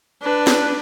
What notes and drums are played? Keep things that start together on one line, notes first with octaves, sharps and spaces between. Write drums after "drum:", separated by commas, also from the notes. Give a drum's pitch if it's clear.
D4 B4
drum: snare